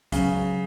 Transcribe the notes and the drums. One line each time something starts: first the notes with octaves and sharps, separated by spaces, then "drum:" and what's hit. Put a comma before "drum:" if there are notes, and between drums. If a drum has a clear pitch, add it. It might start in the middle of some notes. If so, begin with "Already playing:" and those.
C#3 F#3, drum: kick, hi-hat